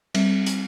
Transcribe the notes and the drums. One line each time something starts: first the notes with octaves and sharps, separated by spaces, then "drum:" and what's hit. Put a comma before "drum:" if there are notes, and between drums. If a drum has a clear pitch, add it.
G3 C4, drum: cymbal
drum: hi-hat